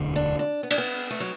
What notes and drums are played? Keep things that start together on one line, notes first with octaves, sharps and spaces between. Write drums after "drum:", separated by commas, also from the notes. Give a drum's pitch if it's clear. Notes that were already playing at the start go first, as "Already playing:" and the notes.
Already playing: E1 D2 D3
D4
D4
B3
D4, drum: cymbal
B3
A3
F#3